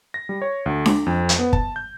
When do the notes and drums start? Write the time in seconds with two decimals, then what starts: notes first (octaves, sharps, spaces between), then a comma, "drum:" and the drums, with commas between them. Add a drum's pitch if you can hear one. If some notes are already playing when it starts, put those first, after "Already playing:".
0.14 A#6
0.29 G3
0.42 C#5
0.66 D2
0.86 D6, drum: snare D4
1.07 F2
1.29 drum: hi-hat
1.39 B3
1.53 A5, drum: kick
1.76 G6